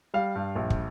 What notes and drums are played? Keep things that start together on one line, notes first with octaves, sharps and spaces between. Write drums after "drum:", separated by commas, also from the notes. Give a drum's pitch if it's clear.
G3 F5
G2
A#1
drum: kick